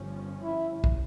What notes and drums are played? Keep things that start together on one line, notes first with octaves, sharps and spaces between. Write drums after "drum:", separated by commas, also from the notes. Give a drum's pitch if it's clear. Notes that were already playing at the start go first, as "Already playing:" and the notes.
Already playing: G1 G2 F3 C#4
E4
drum: kick